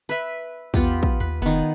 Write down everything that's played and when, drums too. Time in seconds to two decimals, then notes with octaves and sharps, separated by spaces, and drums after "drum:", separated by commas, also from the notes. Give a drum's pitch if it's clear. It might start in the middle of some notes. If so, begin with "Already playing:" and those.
0.09 B4 E5
0.74 E2 B3 F4 G4, drum: kick
1.03 drum: kick
1.20 D#2 B4
1.42 F1 D#3 B3